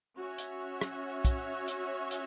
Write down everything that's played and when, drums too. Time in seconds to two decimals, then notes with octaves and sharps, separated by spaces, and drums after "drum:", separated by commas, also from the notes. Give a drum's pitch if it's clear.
0.16 C#4 F#4 C#5 E5
0.38 drum: hi-hat
0.81 drum: rim click
1.25 drum: kick, hi-hat
1.68 drum: hi-hat
2.11 drum: hi-hat